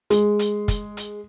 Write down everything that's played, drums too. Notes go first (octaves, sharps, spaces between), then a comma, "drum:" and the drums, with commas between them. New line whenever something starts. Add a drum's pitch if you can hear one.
G#3, drum: hi-hat
drum: hi-hat
drum: kick, hi-hat
drum: hi-hat